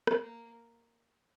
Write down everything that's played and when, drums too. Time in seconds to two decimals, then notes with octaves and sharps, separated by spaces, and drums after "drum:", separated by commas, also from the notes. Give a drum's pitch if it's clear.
0.07 drum: rim click
0.21 A#3